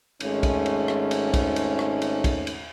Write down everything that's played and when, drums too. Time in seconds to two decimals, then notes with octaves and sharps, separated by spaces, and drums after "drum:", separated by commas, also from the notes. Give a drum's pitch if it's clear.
0.20 G#1 G#2 A3 C#4, drum: cymbal
0.43 drum: kick, cymbal
0.66 drum: cymbal
0.88 drum: rim click
1.11 drum: cymbal
1.34 drum: kick, cymbal
1.56 drum: cymbal
1.79 drum: rim click
2.02 drum: cymbal
2.24 drum: kick, cymbal
2.47 drum: cymbal